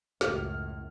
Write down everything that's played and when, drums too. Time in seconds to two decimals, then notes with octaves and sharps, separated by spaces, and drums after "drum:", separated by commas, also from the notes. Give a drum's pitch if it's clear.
0.21 C#2 F#2 A2 F6, drum: snare